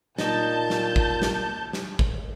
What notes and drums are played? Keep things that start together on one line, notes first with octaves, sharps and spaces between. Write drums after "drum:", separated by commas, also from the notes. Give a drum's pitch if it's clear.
A#2 D#4 A5 G6, drum: snare
drum: snare
drum: kick
drum: snare
drum: snare
drum: kick